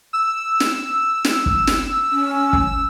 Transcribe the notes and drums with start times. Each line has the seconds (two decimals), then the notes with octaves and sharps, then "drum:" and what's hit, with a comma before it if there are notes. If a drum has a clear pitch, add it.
0.13 E6
0.60 drum: snare
1.25 drum: snare
1.46 drum: kick
1.67 drum: snare
2.10 C#4
2.53 drum: kick